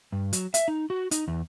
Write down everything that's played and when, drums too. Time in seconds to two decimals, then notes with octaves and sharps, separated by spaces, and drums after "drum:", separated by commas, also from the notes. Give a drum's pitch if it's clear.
0.12 G2
0.33 F#3, drum: hi-hat
0.54 E5, drum: hi-hat
0.68 D#4
0.90 F#4
1.11 D#4, drum: hi-hat
1.28 E2